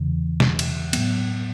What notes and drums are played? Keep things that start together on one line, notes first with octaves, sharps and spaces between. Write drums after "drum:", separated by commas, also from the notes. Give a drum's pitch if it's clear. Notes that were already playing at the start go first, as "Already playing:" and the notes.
Already playing: E2 C#3 E3
drum: snare
drum: cymbal
A2 F#3 B3, drum: cymbal